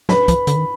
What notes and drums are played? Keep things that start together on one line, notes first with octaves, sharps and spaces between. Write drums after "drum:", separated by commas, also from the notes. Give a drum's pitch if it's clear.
F#3 B4 B5, drum: snare
F3, drum: kick, hi-hat
D3, drum: hi-hat
D#3